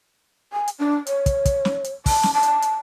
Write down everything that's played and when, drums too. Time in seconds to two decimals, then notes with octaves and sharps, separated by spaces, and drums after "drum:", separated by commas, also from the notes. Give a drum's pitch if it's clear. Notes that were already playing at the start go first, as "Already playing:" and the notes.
0.53 G#5
0.68 drum: hi-hat
0.79 D4
1.07 C#5, drum: hi-hat
1.26 drum: kick, hi-hat
1.45 drum: kick, hi-hat
1.65 drum: snare
1.84 drum: hi-hat
2.06 A5, drum: kick, open hi-hat
2.23 drum: snare
2.34 A5
2.43 drum: hi-hat
2.62 drum: hi-hat